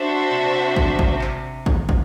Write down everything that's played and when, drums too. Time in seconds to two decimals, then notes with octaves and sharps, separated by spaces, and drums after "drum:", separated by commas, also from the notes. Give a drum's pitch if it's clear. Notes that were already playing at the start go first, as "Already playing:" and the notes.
Already playing: D4 F#4 C5 E5
0.31 C3
0.76 drum: kick
0.99 drum: kick
1.21 drum: clap
1.66 drum: kick
1.89 drum: kick